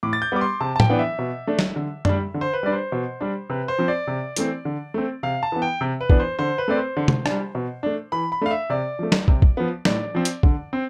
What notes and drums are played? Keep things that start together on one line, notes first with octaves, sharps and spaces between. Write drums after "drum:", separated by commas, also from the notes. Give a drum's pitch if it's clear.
A2 D6
A6
G6
G3 B3 D6
C6
C3 A5
A5
G5, drum: tom A2
E3 B3 D4
E5
B2
A3 D4
drum: snare
D3
G3 D4, drum: tom F#2
D3
C5
B4
G3 D4 D5
C5
B2
G3 D4
C3 B4
C5
F3 C4
D5
C3
E3 A3 C4, drum: hi-hat
D3
A3 C4
C3 F5
A5
E3 B3
G5
C3
B4
E3 B3 D4, drum: kick
C5
D3 C5
B4
A3 C4 D5
C5
D3
drum: tom
G3 D4, drum: rim click
B2
A3 D4
E3 B5
B5
A3 D4 F5
E5
C3 D5
F3 A3
drum: snare
C3, drum: kick
drum: kick
F3 B3
A2 D5, drum: snare
F3 C4
drum: hi-hat
D3, drum: kick
C4